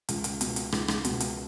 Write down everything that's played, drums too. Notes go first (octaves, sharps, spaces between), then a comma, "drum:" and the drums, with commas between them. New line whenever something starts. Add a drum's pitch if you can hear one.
C#2, drum: hi-hat
drum: hi-hat
B2, drum: hi-hat
drum: hi-hat
C#2, drum: rim click
drum: rim click
B2, drum: hi-hat
drum: hi-hat